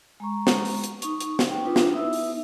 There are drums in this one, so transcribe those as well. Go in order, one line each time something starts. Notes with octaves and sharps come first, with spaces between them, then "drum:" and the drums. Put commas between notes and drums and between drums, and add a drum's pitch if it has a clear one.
G#3 A#5 C#6
drum: snare
drum: open hi-hat
drum: hi-hat
D#4 C#6, drum: hi-hat
drum: hi-hat
drum: snare
G5
D4 D#4 F4 B4
drum: snare
B3 D#4 E4 E5 E6
drum: open hi-hat